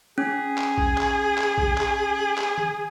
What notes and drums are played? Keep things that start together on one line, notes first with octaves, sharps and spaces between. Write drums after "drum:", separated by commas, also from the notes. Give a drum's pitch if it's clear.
C#4 G#4
drum: clap
drum: kick A#1
drum: clap
drum: clap
drum: kick A#1
drum: clap
drum: clap
drum: tom D#3